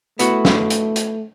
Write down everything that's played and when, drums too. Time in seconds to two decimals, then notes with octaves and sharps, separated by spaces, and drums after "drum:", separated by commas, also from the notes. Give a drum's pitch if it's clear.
0.19 A3 B3 E4 F#4, drum: hi-hat
0.45 drum: snare
0.70 drum: hi-hat
0.96 drum: hi-hat